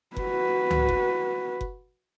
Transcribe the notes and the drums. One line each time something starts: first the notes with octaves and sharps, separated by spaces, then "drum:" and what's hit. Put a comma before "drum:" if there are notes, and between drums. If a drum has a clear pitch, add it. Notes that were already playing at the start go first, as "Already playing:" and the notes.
F#4 B4, drum: kick F#1
drum: tom C#2
drum: kick F#1
drum: kick F#1